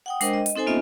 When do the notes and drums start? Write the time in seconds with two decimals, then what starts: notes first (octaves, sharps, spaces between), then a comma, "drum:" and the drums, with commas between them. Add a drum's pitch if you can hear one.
0.06 F#5 G5 D#6
0.21 G#3 D4 A#4 C5 D#5 G5, drum: hi-hat
0.33 D#5
0.46 drum: hi-hat
0.56 C4 D#4 A4 C5 G#5
0.67 A#3 B3 C#4 F4 D#5 E5